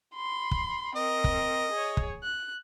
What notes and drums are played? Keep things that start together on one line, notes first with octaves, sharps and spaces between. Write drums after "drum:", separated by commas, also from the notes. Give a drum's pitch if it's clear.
B5 C6
drum: kick
C4 A#4 D#5
drum: kick
G#4 C#5
drum: kick
F#6